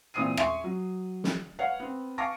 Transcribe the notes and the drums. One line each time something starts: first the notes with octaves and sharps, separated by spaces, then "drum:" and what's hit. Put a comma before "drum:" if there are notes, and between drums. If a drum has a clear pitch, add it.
A#2 E3 C4 D#6 C7 D#7
E5 G#5 C6 C#6, drum: rim click
F#3
drum: snare
B4 C#5 F5 F#5
B3 C4
F5 G#5 A5 C#6 D6 A#6